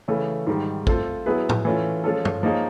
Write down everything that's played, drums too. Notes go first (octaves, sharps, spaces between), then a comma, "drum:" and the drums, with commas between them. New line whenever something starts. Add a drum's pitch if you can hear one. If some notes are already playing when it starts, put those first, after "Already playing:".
C#3 E3 A3 C#4
G#2 D#3 G3
A3 C4 F4 A4 C5, drum: kick
F#3 B3 E4 G#4 B4
drum: tom
E3 A3 C#4 F4
F3 G#3 C#4 F4 A4
drum: tom
F3 A#3 D#4 G#4 C#5